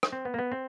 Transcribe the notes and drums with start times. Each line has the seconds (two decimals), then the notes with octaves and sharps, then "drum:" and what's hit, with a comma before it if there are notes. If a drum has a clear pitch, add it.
0.03 drum: rim click
0.12 C4
0.25 B3
0.34 A#3
0.39 B3
0.52 C4